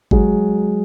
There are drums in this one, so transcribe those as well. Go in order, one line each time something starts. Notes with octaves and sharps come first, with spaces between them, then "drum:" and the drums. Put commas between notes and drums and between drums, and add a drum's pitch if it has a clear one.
F#3 G#3, drum: kick